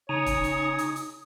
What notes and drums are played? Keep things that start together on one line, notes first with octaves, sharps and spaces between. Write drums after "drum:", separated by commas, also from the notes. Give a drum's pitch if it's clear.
C#3 D#4 C#5 G#5 A#5 D#6
drum: kick, hi-hat
drum: hi-hat
drum: hi-hat
drum: hi-hat